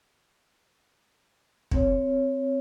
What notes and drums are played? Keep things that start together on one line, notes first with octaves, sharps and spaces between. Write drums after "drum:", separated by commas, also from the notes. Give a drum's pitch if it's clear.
C4 C#5, drum: kick